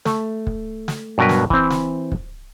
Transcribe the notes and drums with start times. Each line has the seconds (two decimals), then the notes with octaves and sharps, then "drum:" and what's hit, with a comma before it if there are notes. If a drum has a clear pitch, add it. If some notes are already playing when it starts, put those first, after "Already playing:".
0.05 A3, drum: snare
0.47 drum: kick
0.88 drum: snare
1.18 G2 B2 F#3 A#4 B4
1.29 drum: snare
1.50 E3 C4, drum: kick
1.70 drum: snare
2.12 drum: kick